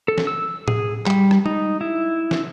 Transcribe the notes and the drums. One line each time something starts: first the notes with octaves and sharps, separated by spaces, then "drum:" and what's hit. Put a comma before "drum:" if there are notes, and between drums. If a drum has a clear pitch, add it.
A4
drum: snare
E6
G#4, drum: tom A2
G3, drum: clap
drum: rim click
D#4, drum: tom G#3
E4
drum: snare